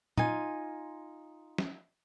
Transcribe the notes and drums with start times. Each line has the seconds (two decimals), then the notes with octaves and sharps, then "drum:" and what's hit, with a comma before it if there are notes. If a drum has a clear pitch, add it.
0.18 D#4 F4 G#5, drum: tom
1.58 drum: snare